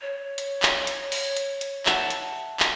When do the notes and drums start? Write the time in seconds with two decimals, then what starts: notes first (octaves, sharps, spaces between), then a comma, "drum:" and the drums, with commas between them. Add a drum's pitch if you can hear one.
0.01 C#5
0.38 drum: hi-hat
0.63 drum: clap
0.87 drum: hi-hat
1.12 drum: open hi-hat
1.37 drum: hi-hat
1.61 drum: hi-hat
1.86 E5 F#5 A5, drum: clap
2.10 drum: hi-hat
2.60 drum: clap